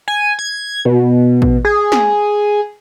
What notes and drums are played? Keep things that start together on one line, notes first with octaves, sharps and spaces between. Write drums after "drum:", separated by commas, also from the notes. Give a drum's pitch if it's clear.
G#5
G#6
B2
drum: kick A1
G#4
drum: snare